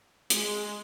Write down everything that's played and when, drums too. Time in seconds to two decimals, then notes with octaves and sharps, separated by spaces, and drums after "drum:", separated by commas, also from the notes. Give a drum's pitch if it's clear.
0.30 G#3, drum: hi-hat